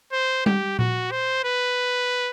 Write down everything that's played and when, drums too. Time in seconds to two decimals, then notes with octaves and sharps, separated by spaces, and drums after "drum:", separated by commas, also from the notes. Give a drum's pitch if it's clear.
0.13 C5
0.46 G4, drum: tom G3
0.79 F#4, drum: tom A#2
1.11 C5
1.45 B4